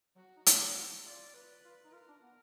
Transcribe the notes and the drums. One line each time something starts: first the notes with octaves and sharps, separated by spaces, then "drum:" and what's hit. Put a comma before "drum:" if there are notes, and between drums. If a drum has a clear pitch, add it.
F#3 F#4
D#4
F4, drum: hi-hat
F#4
F4 D5
B4
F4
D#4
F4 A#4
D4
B3